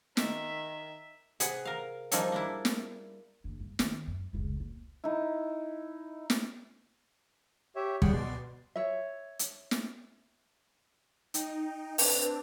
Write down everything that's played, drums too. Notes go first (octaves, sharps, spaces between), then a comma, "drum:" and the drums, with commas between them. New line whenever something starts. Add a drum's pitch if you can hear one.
D#3 E5, drum: snare
C3 G#4 B4 F#5, drum: hi-hat
A#4 F5
F3 G3 A#3 D#4 G#4 A4, drum: hi-hat
A#3 D4 E4
drum: snare
F#1 D4
G2
D#3, drum: snare
F#2
F1 C#2
A#2
D#4 E4
drum: snare
G4 C#5 E5
G3 G#4 F#5 G5, drum: kick
B2 D5 C6
C#5 E5
drum: hi-hat
drum: snare
D#4 G5, drum: hi-hat
C4 D4 B4 A5, drum: open hi-hat